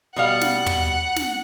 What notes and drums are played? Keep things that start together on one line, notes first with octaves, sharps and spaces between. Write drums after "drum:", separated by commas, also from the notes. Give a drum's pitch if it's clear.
B2 G3 F5 F#5
drum: snare
drum: tom
drum: snare